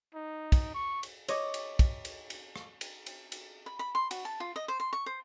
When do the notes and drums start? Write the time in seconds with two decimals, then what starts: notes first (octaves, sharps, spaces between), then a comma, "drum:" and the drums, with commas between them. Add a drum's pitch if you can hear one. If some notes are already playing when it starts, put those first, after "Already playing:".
0.14 D#4
0.52 drum: kick, cymbal
0.74 C#6
1.03 drum: cymbal
1.28 C#5 D#5 C#6 D6, drum: cymbal
1.54 drum: cymbal
1.79 drum: kick, cymbal
2.05 drum: cymbal
2.30 drum: cymbal
2.56 drum: rim click
2.81 drum: cymbal
3.06 drum: cymbal
3.32 drum: cymbal
3.66 B5
3.79 B5
3.95 C6
4.11 F#4, drum: cymbal
4.25 A5
4.40 F4
4.56 D#5
4.68 C5
4.80 C6
4.93 C#6
5.06 C5